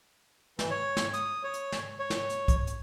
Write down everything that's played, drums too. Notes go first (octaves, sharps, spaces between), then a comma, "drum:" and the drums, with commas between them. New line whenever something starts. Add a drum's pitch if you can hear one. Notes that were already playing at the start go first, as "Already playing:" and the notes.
E3, drum: snare
C#5
drum: snare
D#6, drum: hi-hat
C#5
drum: hi-hat
drum: snare
C#5
drum: snare
drum: hi-hat
drum: kick, hi-hat
drum: hi-hat